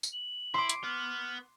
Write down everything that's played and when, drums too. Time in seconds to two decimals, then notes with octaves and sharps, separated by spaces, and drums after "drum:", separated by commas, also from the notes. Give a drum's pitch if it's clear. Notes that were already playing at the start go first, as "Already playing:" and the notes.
0.03 drum: tambourine
0.13 F#7
0.54 E4 C6 D6
0.69 drum: hi-hat
0.84 B3 F6